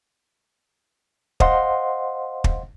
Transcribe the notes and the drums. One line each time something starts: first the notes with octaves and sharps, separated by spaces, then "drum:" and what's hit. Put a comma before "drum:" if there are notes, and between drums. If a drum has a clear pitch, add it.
C5 D#5 F5 F#5 C6, drum: kick
drum: kick